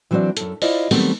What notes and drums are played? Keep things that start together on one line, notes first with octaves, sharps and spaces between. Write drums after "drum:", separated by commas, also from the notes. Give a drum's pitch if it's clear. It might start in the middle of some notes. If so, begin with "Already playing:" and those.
E3 F#3 C4 D4 C5 D5
F#2 A4, drum: hi-hat
E4 F4 C5 D5 D#5, drum: open hi-hat
D#3 F#3 G3 A3 B3 C4, drum: open hi-hat